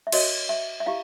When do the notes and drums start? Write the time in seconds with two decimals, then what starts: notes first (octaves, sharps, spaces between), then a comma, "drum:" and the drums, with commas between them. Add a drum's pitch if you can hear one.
0.07 E5
0.12 F#4 A#4 C#5 D#5, drum: cymbal
0.49 E5
0.80 E5
0.86 E4 G4 F5